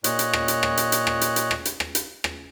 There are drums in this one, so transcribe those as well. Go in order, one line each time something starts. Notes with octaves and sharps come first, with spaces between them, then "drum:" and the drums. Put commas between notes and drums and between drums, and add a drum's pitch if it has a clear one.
A#2 C#5 D#5 F#6, drum: hi-hat
drum: hi-hat
drum: rim click
drum: hi-hat
drum: rim click
drum: hi-hat
drum: hi-hat
drum: rim click
drum: hi-hat
drum: hi-hat
drum: rim click
drum: hi-hat
drum: rim click
drum: hi-hat
drum: rim click